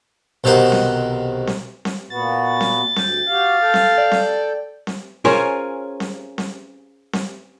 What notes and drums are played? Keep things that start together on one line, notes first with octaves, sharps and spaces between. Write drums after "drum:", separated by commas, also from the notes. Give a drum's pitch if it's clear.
B1 C3 D#3 C5 F#5
drum: snare C4
drum: snare C4
drum: snare C4
A#2 B3 F#4 A6
drum: snare C4
D2 G5, drum: snare C4
F#4 G4 F5
A4 G5
drum: snare C4
D5
drum: snare C4
drum: snare C4
C#4 F4 G#4 A#4 C5 C#5, drum: snare C4
drum: snare C4
drum: snare C4
drum: snare C4